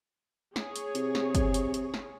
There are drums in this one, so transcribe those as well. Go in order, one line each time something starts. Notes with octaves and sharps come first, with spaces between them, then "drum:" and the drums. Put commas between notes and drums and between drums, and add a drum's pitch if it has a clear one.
G#4 C#5, drum: snare
drum: hi-hat
C3, drum: hi-hat
drum: snare
drum: kick, hi-hat
drum: hi-hat
drum: hi-hat
drum: snare